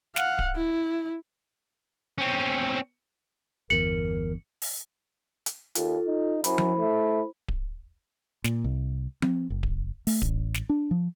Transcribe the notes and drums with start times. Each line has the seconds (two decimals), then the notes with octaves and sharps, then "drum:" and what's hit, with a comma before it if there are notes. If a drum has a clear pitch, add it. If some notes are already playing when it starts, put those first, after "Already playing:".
0.16 F5 F#5, drum: snare
0.39 drum: kick D1
0.56 E4
2.18 C4 C#4
3.70 G1 E2 A#4 C#7 F#7
4.62 drum: open hi-hat
5.46 drum: hi-hat
5.75 D#2 F4 A4, drum: hi-hat
6.07 D#4
6.44 F#2 E4 C5 B5, drum: hi-hat
6.58 drum: tom F3
6.77 A3
7.48 drum: kick D1
8.44 A#2, drum: snare
8.64 C2
9.22 C4, drum: tom F3
9.50 F#1
9.63 drum: kick D1
10.07 A3, drum: open hi-hat
10.22 A1, drum: kick D1
10.54 drum: snare
10.69 D4
10.91 F3